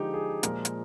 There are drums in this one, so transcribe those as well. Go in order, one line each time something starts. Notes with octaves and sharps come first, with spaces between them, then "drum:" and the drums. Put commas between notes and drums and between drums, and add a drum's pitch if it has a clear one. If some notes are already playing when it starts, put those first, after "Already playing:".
Already playing: D3 F3 G#3 D#4 G4
G#4
A#2 F3 G#3 A#4, drum: hi-hat
drum: hi-hat